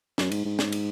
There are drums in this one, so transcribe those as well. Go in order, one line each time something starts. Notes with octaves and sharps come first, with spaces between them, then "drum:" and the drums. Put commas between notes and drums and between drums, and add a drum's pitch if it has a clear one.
F#2, drum: snare
G#2, drum: cymbal
G#2
drum: snare
drum: cymbal